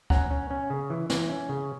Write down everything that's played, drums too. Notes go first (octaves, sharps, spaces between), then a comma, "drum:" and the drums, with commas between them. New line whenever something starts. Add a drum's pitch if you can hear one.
C#4 F#5 A#5, drum: kick C#2
C#4
C#4
C#3
E3
E3, drum: snare
C#4
C#3